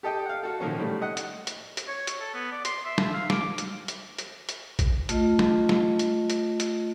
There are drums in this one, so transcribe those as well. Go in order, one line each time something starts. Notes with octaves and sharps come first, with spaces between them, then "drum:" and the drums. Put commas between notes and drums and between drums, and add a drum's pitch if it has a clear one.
G4 A4 D#5 G5
F5 F#5
F#4 A4
A#2 D#3 F3 A#3 C#4
A2 G3 A3
D#5 F#5
drum: hi-hat
drum: hi-hat
drum: hi-hat
C#5
drum: hi-hat
A4
B3
D5
C6, drum: hi-hat
E5
drum: snare
F5
D6, drum: snare
drum: hi-hat
drum: hi-hat
drum: hi-hat
drum: hi-hat
drum: kick A#1, hi-hat
A3 F4 D#5, drum: hi-hat
drum: snare
drum: snare
drum: hi-hat
drum: hi-hat
drum: hi-hat